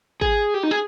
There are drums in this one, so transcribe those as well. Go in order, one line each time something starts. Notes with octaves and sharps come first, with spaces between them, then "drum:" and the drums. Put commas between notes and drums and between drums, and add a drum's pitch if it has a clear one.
G#4, drum: kick G#1
G4
D#4
G#4